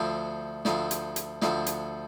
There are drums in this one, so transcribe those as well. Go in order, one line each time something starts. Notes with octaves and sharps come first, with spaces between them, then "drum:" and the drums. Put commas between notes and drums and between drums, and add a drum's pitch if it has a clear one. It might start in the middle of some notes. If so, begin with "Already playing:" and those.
Already playing: D2 D3 F3 C4
D2 D3 F3 C4, drum: snare
drum: hi-hat
drum: hi-hat
D2 D3 F3 C4, drum: snare
drum: hi-hat